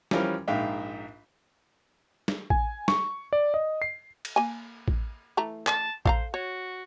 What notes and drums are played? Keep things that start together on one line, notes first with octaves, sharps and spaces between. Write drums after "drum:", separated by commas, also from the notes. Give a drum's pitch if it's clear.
E3 F3 G3 C#4 F4 A#4, drum: snare
A#1 G#2 E5 F5 G5
drum: snare
G#5, drum: kick A1
C#6, drum: snare
D5
D#5
C7
drum: cymbal
A#3 G#5
drum: kick A1
E3 A3 A#5
A5, drum: clap
A4 C5 F5 A#5, drum: kick A1
F#4 C#5